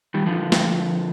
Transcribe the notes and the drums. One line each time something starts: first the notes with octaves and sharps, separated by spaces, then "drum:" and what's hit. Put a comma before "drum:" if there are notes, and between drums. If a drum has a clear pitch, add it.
D#3 G3
D3 F3
drum: snare